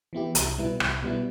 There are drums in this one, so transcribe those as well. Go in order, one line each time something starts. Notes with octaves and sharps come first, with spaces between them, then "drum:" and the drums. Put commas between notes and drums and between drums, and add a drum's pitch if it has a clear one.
E3 B3 E4 G4
C2, drum: hi-hat
B2 G3 B3 E4
C2, drum: rim click
B2 G3 B3 E4